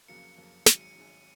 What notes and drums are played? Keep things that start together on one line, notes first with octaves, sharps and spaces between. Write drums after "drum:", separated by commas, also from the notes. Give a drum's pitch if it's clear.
F2 C#3 F#3 A#3 C#7
F2 C#3 F#3 A#3
G#1 G#2 F#3 D#7, drum: snare
C#7
G#1 G#2 F#3